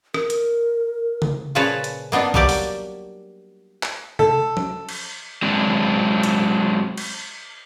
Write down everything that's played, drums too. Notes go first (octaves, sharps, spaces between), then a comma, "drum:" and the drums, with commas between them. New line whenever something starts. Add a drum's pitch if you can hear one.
A#4, drum: rim click
drum: hi-hat
drum: tom C#3
A#2 C#3 F3 B4 C#5 A5
drum: hi-hat
A#3 B3 D4 D#4
F#3 G3 A#3 G4 D5, drum: kick
drum: open hi-hat
drum: clap
A4, drum: tom C3
drum: tom F3
drum: cymbal
F#3 G#3 C4 D4
drum: hi-hat
drum: cymbal